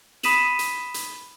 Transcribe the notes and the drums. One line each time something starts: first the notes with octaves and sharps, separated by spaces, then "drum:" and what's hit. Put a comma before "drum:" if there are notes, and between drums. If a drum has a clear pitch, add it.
B5 D#6 B6 D#7 E7 F#7, drum: hi-hat
drum: hi-hat
drum: hi-hat